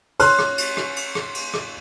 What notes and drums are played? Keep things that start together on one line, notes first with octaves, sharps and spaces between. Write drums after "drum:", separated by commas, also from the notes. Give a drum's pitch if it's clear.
C#5 C6 F6 F#6, drum: cymbal
drum: rim click
drum: cymbal
drum: rim click
drum: cymbal
drum: rim click
drum: cymbal
drum: rim click